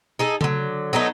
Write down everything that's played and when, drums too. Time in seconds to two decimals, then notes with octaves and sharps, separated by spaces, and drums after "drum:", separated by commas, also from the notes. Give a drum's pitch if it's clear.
0.19 D#4 G#4 A4
0.41 D3 F#3, drum: tom C#3
0.93 F#3 A3 B3 D#4